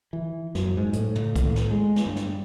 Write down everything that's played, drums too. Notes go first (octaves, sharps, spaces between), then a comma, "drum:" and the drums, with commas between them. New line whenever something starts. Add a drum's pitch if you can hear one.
E3
F#2, drum: snare
G#2
A2, drum: hi-hat
drum: tom
drum: kick, hi-hat
A2
drum: snare
G#3
drum: snare
G2
drum: snare